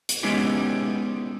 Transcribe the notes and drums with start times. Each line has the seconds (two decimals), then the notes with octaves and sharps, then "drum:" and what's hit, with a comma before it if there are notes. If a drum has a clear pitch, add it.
0.09 drum: hi-hat
0.23 G#3 B3 C#4 D#4 E4 G4